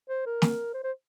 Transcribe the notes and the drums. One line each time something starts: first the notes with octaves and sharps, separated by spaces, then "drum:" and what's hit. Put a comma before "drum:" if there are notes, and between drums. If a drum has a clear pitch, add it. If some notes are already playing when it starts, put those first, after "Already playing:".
C5
A#4
drum: snare
C5
C5